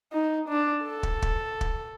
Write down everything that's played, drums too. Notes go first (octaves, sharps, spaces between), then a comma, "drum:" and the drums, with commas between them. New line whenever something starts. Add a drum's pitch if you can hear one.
D#4
D4
A4
drum: kick
drum: kick
drum: kick